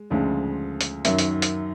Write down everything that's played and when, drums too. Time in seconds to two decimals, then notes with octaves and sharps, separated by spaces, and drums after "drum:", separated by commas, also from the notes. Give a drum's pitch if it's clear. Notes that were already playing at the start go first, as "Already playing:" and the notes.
Already playing: G#3
0.10 D2 C#3 F3 G#3
0.81 drum: hi-hat
1.05 F#2 D#3 F#3 E5, drum: hi-hat
1.19 drum: hi-hat
1.42 drum: hi-hat